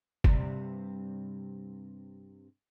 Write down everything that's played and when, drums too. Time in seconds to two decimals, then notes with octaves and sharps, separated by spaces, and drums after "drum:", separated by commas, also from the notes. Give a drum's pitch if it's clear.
0.24 G2 C3 G3, drum: kick